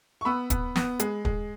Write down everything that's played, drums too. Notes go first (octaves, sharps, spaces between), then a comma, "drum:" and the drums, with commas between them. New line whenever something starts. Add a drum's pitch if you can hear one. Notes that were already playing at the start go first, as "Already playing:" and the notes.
C#6
B3 B5 E6
B3, drum: kick, hi-hat
B3, drum: snare
G#3, drum: hi-hat
G#3, drum: kick